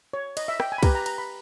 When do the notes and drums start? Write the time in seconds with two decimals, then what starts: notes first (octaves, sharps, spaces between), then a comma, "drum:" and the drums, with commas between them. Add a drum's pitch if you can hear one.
0.13 C#5
0.37 D#5, drum: cymbal
0.48 E5
0.60 G5, drum: rim click
0.72 G#5
0.78 B5
0.83 G4 B4 A#5, drum: kick C2, cymbal
0.95 A#5
1.06 A#5, drum: cymbal
1.18 B5